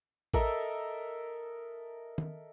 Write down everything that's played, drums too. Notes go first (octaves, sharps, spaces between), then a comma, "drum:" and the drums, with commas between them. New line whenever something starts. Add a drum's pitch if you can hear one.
A4 A#4 D#5 E5, drum: kick A1
drum: tom